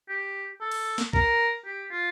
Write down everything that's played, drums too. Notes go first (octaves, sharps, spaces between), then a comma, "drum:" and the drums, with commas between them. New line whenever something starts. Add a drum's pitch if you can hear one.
G4
A4
drum: cymbal
drum: snare
A#4, drum: kick
G4
F4